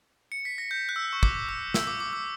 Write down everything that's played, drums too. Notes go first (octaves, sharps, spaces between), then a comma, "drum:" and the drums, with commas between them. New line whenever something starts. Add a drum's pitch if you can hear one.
C#7
B6
A#6
G6
F#6
E6
C#6
D6, drum: kick
E6
E6, drum: snare
D6
D6
E6